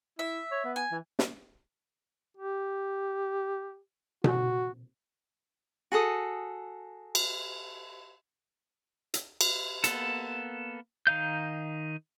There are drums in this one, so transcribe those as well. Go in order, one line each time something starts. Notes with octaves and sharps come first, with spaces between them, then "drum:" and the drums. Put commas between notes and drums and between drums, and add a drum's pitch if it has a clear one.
E4 E5
C#5
B3
G#5
E3
drum: snare
G4
F#4, drum: tom B2
F#4 G#4 A4 D#6
drum: cymbal
drum: hi-hat
drum: cymbal
A#3 B3 A4, drum: hi-hat
D#3 D#4 F5 G6